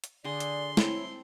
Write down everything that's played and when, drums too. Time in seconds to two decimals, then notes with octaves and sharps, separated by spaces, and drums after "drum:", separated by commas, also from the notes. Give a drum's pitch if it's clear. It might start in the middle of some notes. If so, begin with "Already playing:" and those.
0.04 drum: hi-hat
0.24 D3 G#4 D5 C6
0.40 drum: hi-hat
0.77 C4 E4 A4 C#5, drum: snare